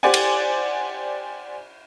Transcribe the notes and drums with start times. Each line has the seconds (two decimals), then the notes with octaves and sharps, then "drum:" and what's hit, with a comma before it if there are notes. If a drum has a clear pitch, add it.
0.03 G4 C5 D5 F#5 G#5
0.14 drum: cymbal